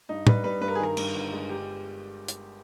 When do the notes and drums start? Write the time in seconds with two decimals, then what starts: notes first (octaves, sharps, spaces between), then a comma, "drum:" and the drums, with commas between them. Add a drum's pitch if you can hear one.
0.09 G2 D#4
0.27 G3 B4, drum: tom
0.43 G3 B4
0.61 G2 B4
0.68 A#4
0.75 G#4
0.79 D#3 A#4
0.97 G2, drum: cymbal
1.14 G1
1.32 G#3
1.49 G4
2.28 drum: hi-hat